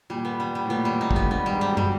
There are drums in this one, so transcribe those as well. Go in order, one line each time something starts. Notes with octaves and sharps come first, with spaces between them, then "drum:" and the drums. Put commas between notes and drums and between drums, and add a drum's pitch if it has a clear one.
A#2 G3
B3
G3
G3
A2
A#2 B3
G3
A2
D#4
G2, drum: kick
B3
G2 B3
G3
G#2
G3
B2
G3, drum: tom